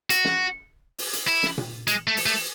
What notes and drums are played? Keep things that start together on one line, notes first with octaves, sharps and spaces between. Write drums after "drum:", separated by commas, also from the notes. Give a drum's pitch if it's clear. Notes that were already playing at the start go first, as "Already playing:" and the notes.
F#4, drum: hi-hat
drum: snare
drum: open hi-hat
drum: hi-hat
E4
drum: snare
drum: tom A#2
G#3, drum: hi-hat
A3
drum: open hi-hat
A3